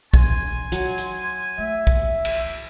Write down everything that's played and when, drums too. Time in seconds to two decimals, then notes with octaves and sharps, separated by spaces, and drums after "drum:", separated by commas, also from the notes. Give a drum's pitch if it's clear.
0.14 A#1 G#5 C6, drum: kick
0.72 D#3 F#3, drum: hi-hat
0.98 drum: hi-hat
1.58 A3 E5
1.87 drum: kick
2.25 drum: cymbal